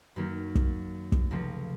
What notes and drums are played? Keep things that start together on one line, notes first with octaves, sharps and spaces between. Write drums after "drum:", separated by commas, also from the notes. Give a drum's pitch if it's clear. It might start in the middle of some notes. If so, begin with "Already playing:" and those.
F#2 D#3 A#3 C#4
drum: kick
drum: kick
C#2 C3 F3 A3 C#4